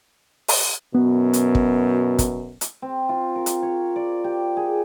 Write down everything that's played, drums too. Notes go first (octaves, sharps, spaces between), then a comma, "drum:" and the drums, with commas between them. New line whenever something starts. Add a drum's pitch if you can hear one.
drum: open hi-hat
F#2 B2 B3
drum: hi-hat
drum: kick
drum: kick, hi-hat
drum: hi-hat
C4
F4
A#4
drum: hi-hat
C#5
D5
G4
G#4